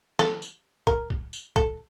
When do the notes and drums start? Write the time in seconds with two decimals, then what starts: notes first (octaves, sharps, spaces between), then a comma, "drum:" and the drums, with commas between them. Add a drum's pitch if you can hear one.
0.19 A4, drum: snare
0.42 drum: tambourine
0.87 A#4, drum: kick
1.10 drum: kick
1.33 drum: tambourine
1.56 A4, drum: kick